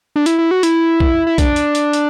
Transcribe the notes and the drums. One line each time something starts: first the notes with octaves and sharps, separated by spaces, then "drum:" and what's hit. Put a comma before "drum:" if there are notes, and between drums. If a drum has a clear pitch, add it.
D4
E4, drum: hi-hat
E4
F#4
E4, drum: hi-hat
drum: kick
E4
D4, drum: kick, hi-hat
drum: hi-hat
drum: hi-hat
drum: hi-hat